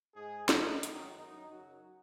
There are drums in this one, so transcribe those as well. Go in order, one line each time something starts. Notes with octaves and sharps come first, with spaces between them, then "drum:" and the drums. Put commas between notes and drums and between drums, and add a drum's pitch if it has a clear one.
G#2 G#3 G#4
G#2 G#3 D#4, drum: snare
F#2 D#3 F#3 D#4, drum: hi-hat
F#2 F#3 D#4
F#2 C#3 F#3 F#4